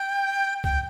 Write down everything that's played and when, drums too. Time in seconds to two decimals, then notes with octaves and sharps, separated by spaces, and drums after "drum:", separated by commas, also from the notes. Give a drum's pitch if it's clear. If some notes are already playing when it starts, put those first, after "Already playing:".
Already playing: G5
0.64 G5, drum: kick